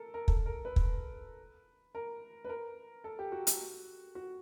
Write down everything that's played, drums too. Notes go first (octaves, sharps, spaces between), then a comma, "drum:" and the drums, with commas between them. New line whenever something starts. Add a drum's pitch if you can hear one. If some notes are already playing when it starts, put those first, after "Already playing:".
Already playing: A4 A#4
A#4
A4, drum: kick
A#4
B4
drum: kick
A#4
B4
A#4
A4
G4
F#4
F#4, drum: hi-hat
F#4